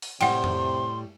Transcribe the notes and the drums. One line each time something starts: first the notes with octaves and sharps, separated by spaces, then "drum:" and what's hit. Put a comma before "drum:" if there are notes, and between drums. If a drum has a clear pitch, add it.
drum: open hi-hat
A2 C3 G3 F#5 G5 C6, drum: cymbal
drum: tom F2